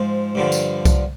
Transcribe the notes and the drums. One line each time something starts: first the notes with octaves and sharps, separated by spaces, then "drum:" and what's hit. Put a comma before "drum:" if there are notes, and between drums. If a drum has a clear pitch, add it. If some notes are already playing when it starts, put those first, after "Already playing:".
Already playing: G#2 F3
G2 D3 F3
drum: tambourine
drum: kick C2, tambourine